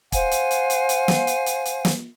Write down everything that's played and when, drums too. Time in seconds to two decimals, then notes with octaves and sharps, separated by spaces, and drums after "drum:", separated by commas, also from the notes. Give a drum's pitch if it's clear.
0.12 C5 F5 F#5 G#5, drum: kick, hi-hat
0.31 drum: hi-hat
0.51 drum: hi-hat
0.70 drum: hi-hat
0.89 drum: hi-hat
1.08 drum: snare
1.27 drum: hi-hat
1.46 drum: hi-hat
1.65 drum: hi-hat
1.85 drum: snare